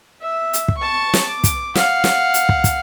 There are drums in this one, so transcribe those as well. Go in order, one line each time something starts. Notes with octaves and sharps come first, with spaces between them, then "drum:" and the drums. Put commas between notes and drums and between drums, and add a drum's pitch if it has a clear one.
E5
drum: hi-hat
drum: kick
A5 C#6
drum: snare
D6
drum: kick, hi-hat
F5 F#5, drum: snare
drum: snare
drum: hi-hat
drum: kick
drum: kick, hi-hat